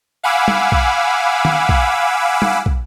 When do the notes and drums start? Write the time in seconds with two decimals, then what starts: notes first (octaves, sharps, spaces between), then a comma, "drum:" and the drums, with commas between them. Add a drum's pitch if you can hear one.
0.23 F5 F#5 G#5 B5 D6 E6
0.48 drum: tom
0.72 drum: kick
1.45 drum: tom
1.69 drum: kick
2.42 drum: tom
2.66 drum: kick